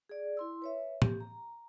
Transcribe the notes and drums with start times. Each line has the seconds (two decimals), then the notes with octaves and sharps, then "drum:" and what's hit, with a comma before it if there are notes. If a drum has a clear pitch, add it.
0.09 G#4 D5
0.37 E4 C6 E6
0.62 B4 C#5 E5
1.02 G4, drum: tom
1.20 A#5